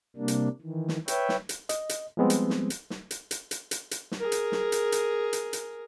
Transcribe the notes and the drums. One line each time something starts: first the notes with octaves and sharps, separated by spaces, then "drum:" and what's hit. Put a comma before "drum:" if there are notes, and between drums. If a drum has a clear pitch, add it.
C3 G3 A#3 D4
drum: hi-hat
D#3 E3
drum: snare
B4 C#5 E5 G5, drum: hi-hat
drum: snare
drum: hi-hat
D#5, drum: hi-hat
drum: hi-hat
F3 G3 G#3 B3 C4
drum: hi-hat
drum: snare
drum: hi-hat
drum: snare
drum: hi-hat
drum: hi-hat
drum: hi-hat
drum: hi-hat
drum: hi-hat
drum: snare
G#4 A#4
drum: hi-hat
drum: snare
drum: hi-hat
drum: hi-hat
drum: hi-hat
drum: hi-hat